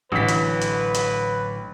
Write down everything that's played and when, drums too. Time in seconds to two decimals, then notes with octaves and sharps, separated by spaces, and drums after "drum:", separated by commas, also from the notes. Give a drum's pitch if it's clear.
0.12 A1 A2 D3 F#3 B4 B6
0.28 drum: hi-hat
0.61 drum: hi-hat
0.94 drum: hi-hat